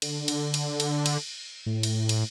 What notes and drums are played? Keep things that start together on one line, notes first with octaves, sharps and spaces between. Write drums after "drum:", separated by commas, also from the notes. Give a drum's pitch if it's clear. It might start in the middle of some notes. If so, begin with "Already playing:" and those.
D3, drum: cymbal
drum: cymbal
drum: cymbal
drum: cymbal
drum: cymbal
A2
drum: cymbal
drum: cymbal